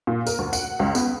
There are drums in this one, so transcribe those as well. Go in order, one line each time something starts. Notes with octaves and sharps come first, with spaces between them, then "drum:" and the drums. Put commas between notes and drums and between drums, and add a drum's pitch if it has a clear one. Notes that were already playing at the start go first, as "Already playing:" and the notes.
A#2
A#4, drum: tambourine
D2
F#5, drum: tambourine
C#2
B3, drum: tambourine